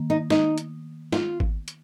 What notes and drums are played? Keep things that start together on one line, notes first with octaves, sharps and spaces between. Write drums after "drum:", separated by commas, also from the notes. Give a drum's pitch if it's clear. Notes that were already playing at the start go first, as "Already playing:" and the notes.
Already playing: D#3 A#3
D#4
D#4, drum: snare
drum: hi-hat
F4, drum: snare
drum: kick G#1
drum: hi-hat